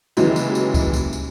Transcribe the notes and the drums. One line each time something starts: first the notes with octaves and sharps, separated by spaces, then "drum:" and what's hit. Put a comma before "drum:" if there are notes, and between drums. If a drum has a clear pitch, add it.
D#2 C#3 E3 F#3 G#3, drum: tambourine
drum: tambourine
drum: tambourine
drum: kick C#2, tambourine
drum: tambourine
drum: tambourine